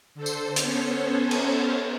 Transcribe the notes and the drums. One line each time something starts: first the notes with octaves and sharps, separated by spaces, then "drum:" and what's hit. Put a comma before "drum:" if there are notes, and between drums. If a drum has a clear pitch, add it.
D3 A4 C5
drum: tambourine
B3 C#4 A4 C5 C#5, drum: hi-hat
drum: cymbal